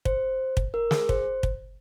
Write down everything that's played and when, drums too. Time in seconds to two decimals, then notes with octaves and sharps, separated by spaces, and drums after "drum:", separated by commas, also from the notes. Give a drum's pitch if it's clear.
0.05 C5, drum: kick
0.57 drum: kick
0.74 A#4
0.91 G#4, drum: snare
1.09 C5, drum: kick
1.43 drum: kick